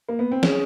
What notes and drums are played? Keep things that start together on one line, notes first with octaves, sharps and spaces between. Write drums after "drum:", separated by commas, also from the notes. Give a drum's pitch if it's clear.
A#3
B3
C4
C#4 G#4, drum: snare